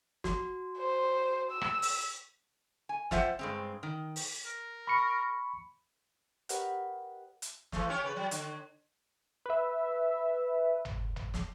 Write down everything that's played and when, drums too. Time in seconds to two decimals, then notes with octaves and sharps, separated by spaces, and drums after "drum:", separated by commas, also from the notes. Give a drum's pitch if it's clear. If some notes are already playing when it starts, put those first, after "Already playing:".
0.24 F#4, drum: snare
0.78 C5
1.51 E6
1.61 drum: rim click
1.82 drum: open hi-hat
2.89 G#5
3.11 C4 F4 C5 E5 F#5, drum: snare
3.39 G2 G#3 C4
3.83 D#3
4.16 drum: open hi-hat
4.46 A#4
4.87 B5 C#6 C#7
6.49 G4 A#4 B4 C#5 D#5 F#5, drum: hi-hat
7.42 drum: hi-hat
7.72 E3 A3, drum: snare
7.89 C#4 G4 C#5
8.03 C#3 B4
8.16 F#3
8.31 D3, drum: hi-hat
9.46 B4 E5
10.85 drum: tom
11.16 drum: tom
11.34 drum: snare